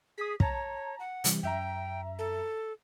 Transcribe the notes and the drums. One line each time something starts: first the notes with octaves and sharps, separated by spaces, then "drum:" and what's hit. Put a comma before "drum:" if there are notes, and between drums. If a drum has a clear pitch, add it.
G#4 D#6 B6
C#5 A5 A#5, drum: kick
F#5
C3 E3 G3, drum: hi-hat
F#2 E5 G5 A#5
A4